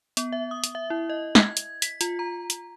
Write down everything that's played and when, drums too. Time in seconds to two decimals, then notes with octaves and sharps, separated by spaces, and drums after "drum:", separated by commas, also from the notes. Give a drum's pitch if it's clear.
0.17 B3, drum: hi-hat
0.33 E5
0.51 D#6
0.64 drum: hi-hat
0.75 E5
0.90 E4
1.10 D#5
1.35 G#6, drum: snare
1.57 drum: hi-hat
1.82 B6, drum: hi-hat
2.01 F4, drum: hi-hat
2.19 A#5
2.50 drum: hi-hat